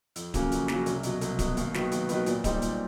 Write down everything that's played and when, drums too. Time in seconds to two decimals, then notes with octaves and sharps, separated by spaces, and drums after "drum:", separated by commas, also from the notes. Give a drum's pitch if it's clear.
0.16 F2, drum: hi-hat
0.34 C#3 F#3 A#3 C#4, drum: kick D1, hi-hat
0.52 F2, drum: hi-hat
0.68 C#3 F#3 A#3 C#4, drum: snare
0.86 C2, drum: hi-hat
1.03 B2 F#3, drum: hi-hat
1.21 C2, drum: hi-hat
1.39 B2 F#3, drum: kick D1, hi-hat
1.57 D#2, drum: hi-hat
1.74 D#3 F#3 B3, drum: snare
1.92 D#2, drum: hi-hat
2.09 D#3 F#3 B3, drum: hi-hat
2.26 A#2, drum: hi-hat
2.44 G3 C4 D#4, drum: kick D1, hi-hat
2.62 A#2, drum: hi-hat